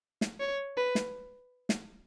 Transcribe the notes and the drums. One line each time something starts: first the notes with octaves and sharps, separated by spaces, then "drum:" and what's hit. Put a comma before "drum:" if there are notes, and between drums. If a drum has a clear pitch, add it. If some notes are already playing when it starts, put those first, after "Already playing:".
drum: snare
C#5
B4
drum: snare
drum: snare